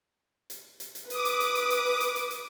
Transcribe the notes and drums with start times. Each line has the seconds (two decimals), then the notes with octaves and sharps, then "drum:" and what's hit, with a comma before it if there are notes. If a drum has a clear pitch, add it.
0.50 drum: hi-hat
0.80 drum: hi-hat
0.95 drum: hi-hat
1.10 B4 D6 D#6, drum: hi-hat
1.25 drum: hi-hat
1.40 drum: hi-hat
1.55 drum: hi-hat
1.70 drum: hi-hat
1.85 drum: open hi-hat
2.00 drum: hi-hat
2.15 drum: hi-hat
2.31 drum: hi-hat